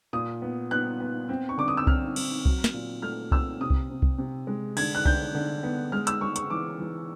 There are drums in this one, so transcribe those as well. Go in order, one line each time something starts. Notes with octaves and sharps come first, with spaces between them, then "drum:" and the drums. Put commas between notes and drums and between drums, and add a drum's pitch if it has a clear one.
A#2 D#6
B3
B3 F#6
B3
C4
C#6
D3 D6
D#6
E6
C4 F6, drum: kick C2
C4, drum: cymbal
F#3, drum: kick C2
drum: snare
A#2
A3 F6
C4 E6, drum: kick C2
C3 D#6
drum: kick C2
C3
drum: kick C2
C3
G#3
D3 G#6, drum: cymbal
F#6
D3 G6, drum: kick C2
D3
B3
G#3 F6
E6, drum: hi-hat
G#3 C#6
C#6, drum: hi-hat
E3 D6
E3